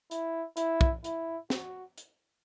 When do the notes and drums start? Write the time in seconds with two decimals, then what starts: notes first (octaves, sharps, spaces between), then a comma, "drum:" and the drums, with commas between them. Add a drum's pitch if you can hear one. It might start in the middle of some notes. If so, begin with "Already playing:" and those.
0.11 E4, drum: hi-hat
0.57 E4, drum: hi-hat
0.81 drum: kick
1.04 E4, drum: hi-hat
1.50 F#4, drum: snare
1.98 drum: hi-hat